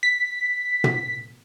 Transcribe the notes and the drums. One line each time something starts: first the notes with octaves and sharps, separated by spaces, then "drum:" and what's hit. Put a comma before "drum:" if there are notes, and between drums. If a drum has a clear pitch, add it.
B6
drum: tom